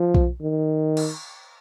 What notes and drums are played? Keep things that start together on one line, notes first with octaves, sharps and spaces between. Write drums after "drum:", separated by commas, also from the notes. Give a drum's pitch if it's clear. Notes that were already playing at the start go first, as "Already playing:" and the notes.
Already playing: F3
drum: kick B1
D#3
drum: cymbal